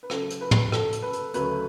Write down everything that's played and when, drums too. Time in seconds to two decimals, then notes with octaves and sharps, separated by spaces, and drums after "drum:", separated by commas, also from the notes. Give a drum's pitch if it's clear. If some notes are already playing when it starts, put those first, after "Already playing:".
0.03 B4
0.10 C#3 F#3 A3 A4, drum: rim click
0.30 drum: hi-hat
0.41 B4
0.51 drum: tom
0.72 A4, drum: rim click
0.93 drum: hi-hat
1.02 B4
1.13 drum: hi-hat
1.34 D2 C#3 F#3 A3 B4, drum: hi-hat